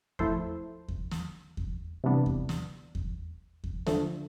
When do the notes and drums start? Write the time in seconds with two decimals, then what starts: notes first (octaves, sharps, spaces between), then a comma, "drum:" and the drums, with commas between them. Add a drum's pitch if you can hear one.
0.19 F3 A3 E4 A4 C5, drum: kick E2
0.88 drum: kick E2
1.11 drum: snare
1.57 drum: kick E2
2.04 C3 E3 G3 B3 D4
2.26 drum: kick E2
2.49 drum: snare
2.95 drum: kick E2
3.64 drum: kick E2
3.87 D3 F3 A3, drum: snare